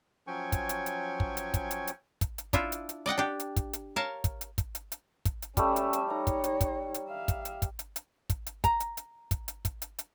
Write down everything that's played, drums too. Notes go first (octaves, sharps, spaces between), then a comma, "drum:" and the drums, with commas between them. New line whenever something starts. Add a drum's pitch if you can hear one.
F3 F#3 C#4 G5 G#5 C#6
drum: kick, hi-hat
drum: hi-hat
drum: hi-hat
drum: kick
drum: hi-hat
drum: kick, hi-hat
drum: hi-hat
drum: hi-hat
drum: kick, hi-hat
drum: hi-hat
D4 E4 F4 E5, drum: kick, hi-hat
drum: hi-hat
drum: hi-hat
D5 D#5 F#5 G5
D4 G4
drum: hi-hat
drum: kick, hi-hat
drum: hi-hat
A#4 C#5 F5 A5
drum: kick, hi-hat
drum: hi-hat
drum: kick, hi-hat
drum: hi-hat
drum: hi-hat
drum: kick, hi-hat
drum: hi-hat
G3 A3 C#4 E5, drum: kick, hi-hat
drum: hi-hat
drum: hi-hat
D#4 C#5 A#5
drum: kick, hi-hat
drum: hi-hat
drum: kick, hi-hat
drum: hi-hat
E5 F5
drum: kick, hi-hat
drum: hi-hat
drum: kick, hi-hat
drum: hi-hat
drum: hi-hat
drum: kick, hi-hat
drum: hi-hat
A#5, drum: kick, hi-hat
drum: hi-hat
drum: hi-hat
drum: kick, hi-hat
drum: hi-hat
drum: kick, hi-hat
drum: hi-hat
drum: hi-hat